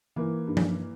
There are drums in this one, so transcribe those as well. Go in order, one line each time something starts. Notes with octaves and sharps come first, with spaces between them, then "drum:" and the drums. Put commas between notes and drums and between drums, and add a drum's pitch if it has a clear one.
E3 A#3
G2
drum: tom F3